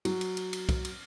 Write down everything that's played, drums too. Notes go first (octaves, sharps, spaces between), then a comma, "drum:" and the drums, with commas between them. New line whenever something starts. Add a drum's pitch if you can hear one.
F#3, drum: cymbal
drum: cymbal
drum: cymbal
drum: cymbal
drum: kick, cymbal
drum: cymbal